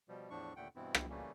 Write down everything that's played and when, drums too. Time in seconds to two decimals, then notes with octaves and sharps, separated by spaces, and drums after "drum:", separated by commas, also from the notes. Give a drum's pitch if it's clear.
0.09 B2 F3 G3
0.30 E2 A2 F3 D4 C#6
0.56 D#2 A#2 D3 A3 F#5 G5
0.76 G2 B2 E3 B3 C4 E4
0.95 drum: rim click
1.09 C#3 E3 G3 A3 A#3 C#4